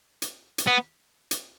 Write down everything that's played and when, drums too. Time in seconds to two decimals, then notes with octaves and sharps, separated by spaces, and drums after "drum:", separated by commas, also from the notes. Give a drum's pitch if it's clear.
0.22 drum: hi-hat
0.58 drum: hi-hat
0.67 B3
1.31 drum: hi-hat